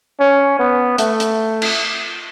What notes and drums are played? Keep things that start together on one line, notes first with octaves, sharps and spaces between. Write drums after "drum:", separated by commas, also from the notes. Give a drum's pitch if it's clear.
C#4
B3
A3, drum: hi-hat
drum: hi-hat
drum: cymbal